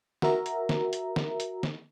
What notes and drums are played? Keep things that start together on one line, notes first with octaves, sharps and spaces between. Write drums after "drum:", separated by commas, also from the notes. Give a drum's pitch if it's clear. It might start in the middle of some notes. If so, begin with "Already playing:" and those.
F#4 A#4 E5 A#5, drum: snare
drum: hi-hat
drum: snare
drum: hi-hat
drum: snare
drum: hi-hat
drum: snare